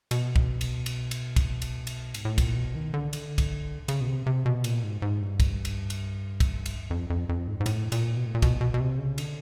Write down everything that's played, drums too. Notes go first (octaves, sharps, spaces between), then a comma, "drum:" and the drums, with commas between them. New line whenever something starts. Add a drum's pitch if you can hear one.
B2, drum: cymbal
drum: kick
drum: cymbal
drum: cymbal
drum: cymbal
drum: kick, cymbal
drum: cymbal
drum: cymbal
G#2, drum: cymbal
A2
A#2, drum: kick, cymbal
B2
D#3
D3
drum: cymbal
drum: kick, cymbal
C#3, drum: cymbal
B2
C3
C3
B2
A#2, drum: cymbal
G#2
G#2
G2
drum: kick, cymbal
drum: cymbal
drum: cymbal
drum: kick, cymbal
drum: cymbal
F2
F2
F2
G#2
G#2
A2, drum: cymbal
A#2, drum: cymbal
B2
A2
A#2
B2, drum: kick, cymbal
B2
B2
C3
C#3
D3, drum: cymbal